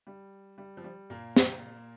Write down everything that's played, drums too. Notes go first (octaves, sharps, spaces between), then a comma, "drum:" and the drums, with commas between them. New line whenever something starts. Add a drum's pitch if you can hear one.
G3
G3
F3
G3
A#2 A#3
drum: snare